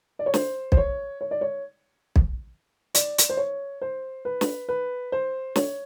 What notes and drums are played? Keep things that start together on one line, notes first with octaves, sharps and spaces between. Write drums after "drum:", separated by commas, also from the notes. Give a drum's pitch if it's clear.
D5
C#5
C5, drum: snare
C5, drum: kick B1
C#5
C#5
D5
C#5
drum: kick B1
D5, drum: hi-hat
drum: hi-hat
C5
C#5
C5
B4
drum: snare
B4
C5
C#5, drum: snare